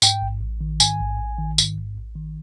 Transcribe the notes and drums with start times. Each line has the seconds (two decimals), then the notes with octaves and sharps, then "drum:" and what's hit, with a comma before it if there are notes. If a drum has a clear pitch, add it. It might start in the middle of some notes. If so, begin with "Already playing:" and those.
0.02 G#2 G5, drum: tambourine
0.22 A1
0.41 A1
0.61 D#3
0.80 G#2 G#5, drum: tambourine
1.00 A1
1.19 A1
1.39 D#3
1.58 G#2, drum: tambourine
1.77 A1
1.97 A1
2.16 D#3